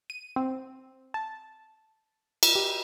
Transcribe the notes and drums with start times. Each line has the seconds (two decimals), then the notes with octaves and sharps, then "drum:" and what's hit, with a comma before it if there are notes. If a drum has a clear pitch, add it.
0.10 D#7
0.36 C4
1.14 A5
2.43 drum: cymbal
2.55 G4